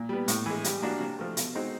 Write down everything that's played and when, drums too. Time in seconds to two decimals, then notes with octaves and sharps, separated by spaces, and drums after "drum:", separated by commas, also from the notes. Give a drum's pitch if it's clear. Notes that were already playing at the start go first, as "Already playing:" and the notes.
Already playing: A#2
0.09 G3 B3
0.28 A2, drum: hi-hat
0.46 E3 G#3
0.64 G3, drum: hi-hat
0.82 A#3 D4 F#4
1.00 C3
1.19 F3 A3
1.37 B2, drum: hi-hat
1.55 G#3 C4 D#4 F#4